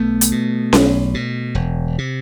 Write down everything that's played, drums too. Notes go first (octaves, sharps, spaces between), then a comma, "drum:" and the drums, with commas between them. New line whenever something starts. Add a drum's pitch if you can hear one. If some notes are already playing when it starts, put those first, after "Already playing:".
Already playing: B1 A3 B3
drum: hi-hat
B2
B1, drum: snare C#4
B2
E1
C3